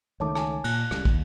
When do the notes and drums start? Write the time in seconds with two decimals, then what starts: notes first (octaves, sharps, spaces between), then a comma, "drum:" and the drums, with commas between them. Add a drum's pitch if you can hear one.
0.20 C#2 D#3 A3 C#5 A5 D6
0.35 G#5 A5, drum: rim click
0.64 A#2 F#6, drum: cymbal
0.91 C#2 C#3 G3, drum: rim click
1.05 D#2, drum: kick